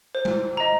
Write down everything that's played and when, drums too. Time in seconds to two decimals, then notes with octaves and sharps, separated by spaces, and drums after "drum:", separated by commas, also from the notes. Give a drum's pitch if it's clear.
0.15 C5
0.25 drum: tom G#3
0.57 D#5 A#5